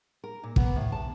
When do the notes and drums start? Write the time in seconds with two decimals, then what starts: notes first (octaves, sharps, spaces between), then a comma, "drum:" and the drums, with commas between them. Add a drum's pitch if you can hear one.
0.24 A#4
0.43 A#2
0.56 B3, drum: kick
0.76 A2
0.92 A5